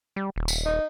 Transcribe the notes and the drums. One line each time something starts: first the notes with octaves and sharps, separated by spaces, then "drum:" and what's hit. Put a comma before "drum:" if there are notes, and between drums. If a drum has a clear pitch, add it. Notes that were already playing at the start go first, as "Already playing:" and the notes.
G3
D#1
drum: tambourine
D#4